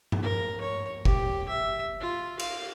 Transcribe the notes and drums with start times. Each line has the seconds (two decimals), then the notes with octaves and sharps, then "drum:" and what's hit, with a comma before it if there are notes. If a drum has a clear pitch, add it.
0.12 drum: tom G2
0.22 A#4
0.60 C#5
1.05 G4, drum: kick F#1
1.48 E5
2.00 F4
2.39 F5, drum: cymbal